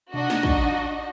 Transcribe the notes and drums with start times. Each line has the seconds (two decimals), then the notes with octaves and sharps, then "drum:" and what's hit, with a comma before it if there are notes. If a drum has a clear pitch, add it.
0.14 D4 D#4 F#4 D#5, drum: tom B2
0.30 drum: snare
0.43 drum: kick